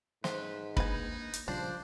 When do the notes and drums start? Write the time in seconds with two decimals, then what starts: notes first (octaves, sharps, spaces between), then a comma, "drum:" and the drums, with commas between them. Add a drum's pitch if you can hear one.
0.24 G#2 B4 C5, drum: snare
0.77 A#3 D4 D#4 B4 G#5, drum: kick
1.33 drum: hi-hat
1.48 A#1 C#3 F3 G3 D4 C5